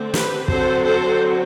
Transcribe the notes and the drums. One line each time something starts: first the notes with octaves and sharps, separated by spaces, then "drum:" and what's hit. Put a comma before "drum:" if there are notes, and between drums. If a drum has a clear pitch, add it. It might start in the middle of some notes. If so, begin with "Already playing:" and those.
Already playing: D3 A3 C4
G4 B4, drum: snare
D3 F#3 C4 A4 C5, drum: kick
A4 C5